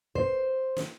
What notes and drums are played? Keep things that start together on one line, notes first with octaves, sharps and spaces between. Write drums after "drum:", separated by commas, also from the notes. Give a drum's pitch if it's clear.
C5, drum: kick
drum: snare